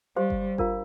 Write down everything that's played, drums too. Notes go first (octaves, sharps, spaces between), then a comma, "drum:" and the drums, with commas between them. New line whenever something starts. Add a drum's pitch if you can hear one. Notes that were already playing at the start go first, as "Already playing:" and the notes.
G3 G4 C5 F5 C6
drum: kick G1
D4 F4 A#4 F5 A#5, drum: kick G1